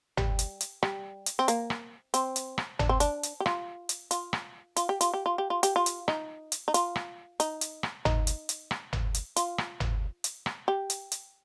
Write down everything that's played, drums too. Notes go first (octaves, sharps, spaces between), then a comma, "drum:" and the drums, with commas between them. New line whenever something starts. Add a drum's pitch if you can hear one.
G3, drum: tom
drum: hi-hat
drum: hi-hat
G3, drum: rim click
drum: hi-hat
C4
A#3, drum: hi-hat
drum: rim click
C4, drum: hi-hat
drum: hi-hat
drum: rim click
D4, drum: tom
C4
D4, drum: hi-hat
drum: hi-hat
G4
F4, drum: rim click
drum: hi-hat
F4, drum: hi-hat
drum: rim click
F4, drum: hi-hat
G4
F4, drum: hi-hat
G4
F4
G4
F4
G4, drum: hi-hat
F4
drum: hi-hat
D#4, drum: rim click
drum: hi-hat
D#4
F4, drum: hi-hat
drum: rim click
D#4, drum: hi-hat
drum: hi-hat
drum: rim click
D#4, drum: tom
drum: hi-hat
drum: hi-hat
drum: rim click
drum: tom
drum: hi-hat
F4, drum: hi-hat
drum: rim click
drum: tom
drum: hi-hat
drum: rim click
G4
drum: hi-hat
drum: hi-hat